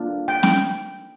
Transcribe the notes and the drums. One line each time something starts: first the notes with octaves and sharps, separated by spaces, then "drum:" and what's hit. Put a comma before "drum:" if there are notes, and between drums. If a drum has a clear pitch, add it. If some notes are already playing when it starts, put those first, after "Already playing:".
Already playing: A#3 D4 F4
G5
G5, drum: snare